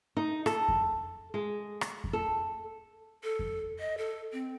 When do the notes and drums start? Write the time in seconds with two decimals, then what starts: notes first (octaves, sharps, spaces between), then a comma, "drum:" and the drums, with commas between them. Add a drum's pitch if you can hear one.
0.17 D#4
0.46 A4, drum: rim click
0.68 drum: kick F2
1.34 G#3
1.81 drum: rim click
2.04 drum: kick F2
2.13 A4
3.24 A4
3.39 drum: kick F2
3.79 D#5
3.98 A4
4.33 C4